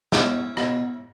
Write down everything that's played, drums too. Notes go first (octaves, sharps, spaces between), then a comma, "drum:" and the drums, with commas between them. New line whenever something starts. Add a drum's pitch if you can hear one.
B2 C#4 E4, drum: snare
B2, drum: rim click